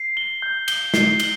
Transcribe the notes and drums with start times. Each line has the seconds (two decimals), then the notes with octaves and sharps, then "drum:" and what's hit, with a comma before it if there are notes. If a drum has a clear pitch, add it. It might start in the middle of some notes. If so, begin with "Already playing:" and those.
Already playing: C7
0.17 G7
0.42 G6
0.68 G7, drum: cymbal
0.94 C7, drum: snare
1.20 G7, drum: cymbal